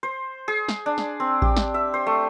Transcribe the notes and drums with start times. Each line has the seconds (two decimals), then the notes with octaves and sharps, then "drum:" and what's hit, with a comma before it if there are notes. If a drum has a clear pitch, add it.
0.03 C5
0.48 G#4
0.68 drum: snare
0.86 D4
0.98 drum: snare
1.20 C4
1.42 G4, drum: kick A1
1.57 drum: snare
1.74 E5
1.94 C5
2.07 A3